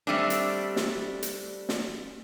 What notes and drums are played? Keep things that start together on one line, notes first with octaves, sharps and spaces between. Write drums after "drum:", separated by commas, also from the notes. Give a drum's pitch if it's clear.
G3 A3 C4 D4
drum: hi-hat
drum: snare
drum: hi-hat
drum: snare